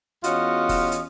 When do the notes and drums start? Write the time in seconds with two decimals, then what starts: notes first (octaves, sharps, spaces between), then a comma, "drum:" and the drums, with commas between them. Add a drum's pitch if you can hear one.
0.24 E2 C#4 F4 F#4 D#5, drum: hi-hat
0.69 drum: kick F1, open hi-hat
0.92 drum: hi-hat